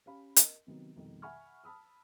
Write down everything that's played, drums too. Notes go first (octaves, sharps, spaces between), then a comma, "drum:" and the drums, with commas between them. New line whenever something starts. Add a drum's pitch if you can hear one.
C#4 G4 F5 B5
A#4 D#5, drum: hi-hat
C3 D#3 F#3 B3
C2 F2 B2 D#3
E5 F#5 G#5 B5 C#6 F6
A5 B5 D#6 E6